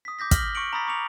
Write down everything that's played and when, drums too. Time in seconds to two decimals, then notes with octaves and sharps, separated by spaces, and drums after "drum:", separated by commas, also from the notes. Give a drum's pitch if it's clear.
0.05 D#6 B6
0.19 D6 G6 A#6 B6
0.31 F6 A#6 B6 F#7 G7, drum: kick, hi-hat
0.55 C#6 D#6 F6 C#7 D7 F#7
0.73 A#5 B5 D#6 A6 B6
0.87 C#6 D6 C#7 F7